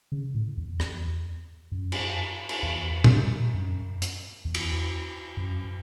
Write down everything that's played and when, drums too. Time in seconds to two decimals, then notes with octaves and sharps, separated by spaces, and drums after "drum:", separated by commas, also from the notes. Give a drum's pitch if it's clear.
0.12 C#3
0.34 A2
0.57 E2
0.80 E2, drum: rim click
1.72 F#2
1.92 drum: cymbal
2.49 drum: cymbal
2.63 E2
3.04 drum: tom A#2
3.54 F#2
4.02 drum: hi-hat
4.45 E2
4.54 drum: cymbal
5.37 F#2